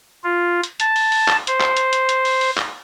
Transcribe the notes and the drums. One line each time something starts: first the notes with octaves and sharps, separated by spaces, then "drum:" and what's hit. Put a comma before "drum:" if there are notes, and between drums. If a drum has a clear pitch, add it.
F4
drum: hi-hat
A5, drum: hi-hat
drum: open hi-hat
drum: open hi-hat
drum: clap
C5, drum: hi-hat
drum: clap
drum: hi-hat
drum: hi-hat
drum: hi-hat
drum: open hi-hat
drum: open hi-hat
drum: clap